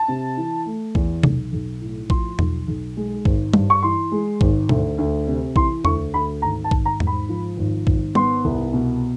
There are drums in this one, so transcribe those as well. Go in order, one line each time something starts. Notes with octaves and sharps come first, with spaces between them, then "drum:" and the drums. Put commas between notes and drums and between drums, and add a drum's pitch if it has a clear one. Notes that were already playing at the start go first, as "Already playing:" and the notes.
Already playing: A5
C3
E3
A3
E2, drum: kick A#1
B1, drum: tom C3
B1
A2
F3 C6, drum: kick A#1
B1, drum: tom E2
B1
G#3
G#1, drum: kick A#1
G2, drum: tom G3
C#6
E3 C6
G#3
G#1, drum: kick A#1
D2, drum: tom B2
D2
C3
E3 C6, drum: kick A#1
D2 C#6, drum: tom E2
D2 B5
G#1 A#5
A5
G#1, drum: kick A#1
A#5
G#2, drum: tom E2
B5
F3
G#1
G#1, drum: kick A#1
B3 C6, drum: tom G3
C2
B2